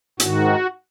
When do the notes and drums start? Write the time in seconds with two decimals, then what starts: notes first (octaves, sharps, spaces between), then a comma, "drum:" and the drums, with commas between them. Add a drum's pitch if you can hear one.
0.20 G#2 D#3 F#4, drum: hi-hat